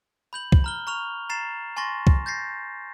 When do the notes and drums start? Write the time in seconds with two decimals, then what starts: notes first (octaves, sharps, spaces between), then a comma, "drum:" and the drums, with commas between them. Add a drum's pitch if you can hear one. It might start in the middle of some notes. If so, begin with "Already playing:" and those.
0.33 B5 G6 F#7
0.52 drum: kick C2
0.64 A#5 F6 G7
0.87 A#5 C#6 F6 F7
1.30 A#5 A6 C7 E7
1.77 G#5 C6 C#6 A6 A#6
2.07 drum: kick C2
2.26 G6 A6 A#6 C7